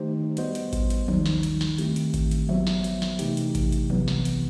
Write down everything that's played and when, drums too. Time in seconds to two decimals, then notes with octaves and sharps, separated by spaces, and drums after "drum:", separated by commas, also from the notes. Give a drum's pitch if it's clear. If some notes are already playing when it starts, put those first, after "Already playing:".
Already playing: D#3 A3 D#4 G4 C5
0.37 G3 B3 F#4 C5 D#5, drum: hi-hat
0.55 drum: hi-hat
0.73 drum: kick A1, hi-hat
0.90 drum: hi-hat
1.08 D#2 D#3 G3 D#4, drum: tom F3
1.26 drum: snare
1.43 drum: hi-hat
1.61 drum: snare
1.78 D#3 A3 C4 E4 G4, drum: hi-hat
1.96 drum: hi-hat
2.14 drum: kick A1, hi-hat
2.31 drum: hi-hat
2.49 F#3 B3 F#4 C5 E5, drum: tom F3
2.67 drum: snare
2.84 drum: hi-hat
3.02 drum: snare
3.19 C3 E3 A3 D#4 G4, drum: hi-hat
3.37 drum: hi-hat
3.55 drum: kick A1, hi-hat
3.72 drum: hi-hat
3.90 C2 C3 E3 B3, drum: tom F3
4.08 drum: snare
4.25 drum: hi-hat